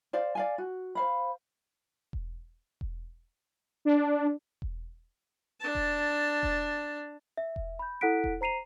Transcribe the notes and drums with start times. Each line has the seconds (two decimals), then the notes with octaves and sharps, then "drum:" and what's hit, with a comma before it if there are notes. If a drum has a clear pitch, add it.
0.13 C5 D5 F5
0.35 D5 F5 G#5
0.58 F#4
0.95 C5 F5 B5
2.13 drum: kick E1
2.81 drum: kick E1
3.85 D4
4.62 drum: kick E1
5.61 D4 A5
5.75 drum: kick E1
6.43 drum: kick E1
7.37 E5
7.56 drum: kick E1
7.79 B5 G6
8.01 E4 A4 F#5 F#6 B6 D7
8.24 drum: kick E1
8.41 C5 A#5 C7 D#7 F7